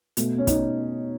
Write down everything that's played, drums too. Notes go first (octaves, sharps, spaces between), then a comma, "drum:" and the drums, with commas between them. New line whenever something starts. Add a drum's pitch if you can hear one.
B2 A3, drum: hi-hat
C#4
D#4, drum: kick, hi-hat